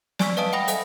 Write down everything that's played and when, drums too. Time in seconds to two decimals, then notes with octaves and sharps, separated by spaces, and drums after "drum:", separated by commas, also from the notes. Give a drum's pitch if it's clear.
0.19 D5 G#5 C#6 E6 B6, drum: snare
0.37 B4 D#5 F5 A5 D#6 D7
0.53 F#5 G5 B5 D#6 A#6 F7
0.68 A4 C5 E5 F5 G#5, drum: hi-hat